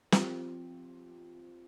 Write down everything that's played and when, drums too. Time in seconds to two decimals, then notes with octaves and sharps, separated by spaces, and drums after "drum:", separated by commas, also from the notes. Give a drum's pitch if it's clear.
0.12 F3 C4 G4, drum: snare